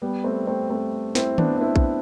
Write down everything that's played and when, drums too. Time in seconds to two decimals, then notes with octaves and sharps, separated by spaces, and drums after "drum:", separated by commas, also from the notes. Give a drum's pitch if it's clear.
0.02 G3 B3
0.24 A3 C4
0.47 A3 C4
0.70 A3 C4
1.15 C4 E4, drum: snare
1.38 B3 D4, drum: tom D#3
1.57 D4
1.61 C4 E4
1.76 drum: kick